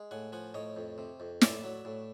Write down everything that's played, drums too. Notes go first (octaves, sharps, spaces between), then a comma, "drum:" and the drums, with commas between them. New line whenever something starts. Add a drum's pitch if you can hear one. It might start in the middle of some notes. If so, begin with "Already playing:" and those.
Already playing: G#3
A2 F#5 G#5
F3 F#5 G#5
A2 C#5 D#5
F2
C3
F2
A2 D5 E5, drum: snare
F#3
A2